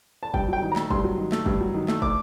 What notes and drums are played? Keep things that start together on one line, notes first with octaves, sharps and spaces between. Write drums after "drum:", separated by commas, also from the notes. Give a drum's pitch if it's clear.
A5
G2 G5, drum: kick
F#3 G5
D#3
A#5
A3, drum: clap
G2 C6, drum: kick
F#3
D#3
A3, drum: clap
G2, drum: kick
F#3
D#3
A3, drum: clap
D6, drum: kick